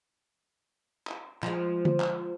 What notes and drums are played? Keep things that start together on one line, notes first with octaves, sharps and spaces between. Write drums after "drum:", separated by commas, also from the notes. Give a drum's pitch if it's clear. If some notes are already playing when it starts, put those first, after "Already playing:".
drum: clap
F3 G#3, drum: clap
drum: tom D3
drum: clap